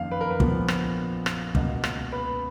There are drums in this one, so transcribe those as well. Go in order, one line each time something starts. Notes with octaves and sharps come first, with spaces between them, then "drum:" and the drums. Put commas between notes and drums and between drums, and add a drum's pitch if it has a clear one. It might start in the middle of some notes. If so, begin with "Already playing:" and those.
Already playing: F#1 F2 D#3 A#3 F5
B4
A#4
B4
A#1 A#2 F3 B3, drum: kick
drum: rim click
drum: rim click
C#2 B2 A#3, drum: kick
drum: rim click
B4